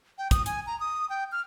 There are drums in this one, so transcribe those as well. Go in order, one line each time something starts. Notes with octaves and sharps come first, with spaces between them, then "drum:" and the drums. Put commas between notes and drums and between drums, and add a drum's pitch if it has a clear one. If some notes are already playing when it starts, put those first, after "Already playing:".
G5
D#6, drum: kick, hi-hat
G#5, drum: hi-hat
A#5
D#6
G5
F6